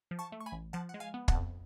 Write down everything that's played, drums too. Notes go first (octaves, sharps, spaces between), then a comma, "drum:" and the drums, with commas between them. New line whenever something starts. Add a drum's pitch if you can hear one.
F3
A5 C#6
A3
C#6
G#5 B5
A1
F3 F#5 A5
G#3 F#5
F5 G#5
B3
F#5 A5, drum: kick
F2